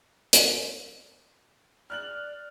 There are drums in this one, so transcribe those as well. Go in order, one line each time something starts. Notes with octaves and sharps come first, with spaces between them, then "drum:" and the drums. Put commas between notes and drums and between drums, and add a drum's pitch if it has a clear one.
drum: hi-hat
D5 F6 F#6 F#7